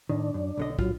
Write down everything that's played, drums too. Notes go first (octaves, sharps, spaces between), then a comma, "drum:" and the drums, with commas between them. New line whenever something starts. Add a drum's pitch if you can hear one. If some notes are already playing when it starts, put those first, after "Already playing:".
A2 D#3 D4
F#2
B1 D3 D#5
A2 F#3 F4, drum: kick